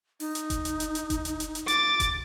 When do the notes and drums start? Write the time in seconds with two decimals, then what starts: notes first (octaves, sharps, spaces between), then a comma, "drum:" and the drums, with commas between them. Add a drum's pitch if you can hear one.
0.20 D#4, drum: open hi-hat
0.35 drum: hi-hat
0.50 drum: kick F1, hi-hat
0.65 drum: hi-hat
0.80 drum: hi-hat
0.95 drum: hi-hat
1.10 drum: kick F1, hi-hat
1.25 drum: hi-hat
1.40 drum: hi-hat
1.55 drum: hi-hat
1.68 D6 A6, drum: hi-hat
2.00 drum: kick F1, hi-hat